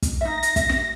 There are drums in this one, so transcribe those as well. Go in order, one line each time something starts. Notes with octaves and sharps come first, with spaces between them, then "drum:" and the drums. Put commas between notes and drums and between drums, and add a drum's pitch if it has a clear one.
drum: kick, hi-hat
D#4 E5 A#6
drum: hi-hat
E5, drum: kick, hi-hat
drum: snare